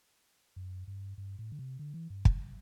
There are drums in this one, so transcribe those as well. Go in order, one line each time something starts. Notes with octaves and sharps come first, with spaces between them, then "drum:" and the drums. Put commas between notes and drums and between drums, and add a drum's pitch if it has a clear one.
F#2
G2
G2
A2
D3
C3
D3
E3
G2
F#2, drum: kick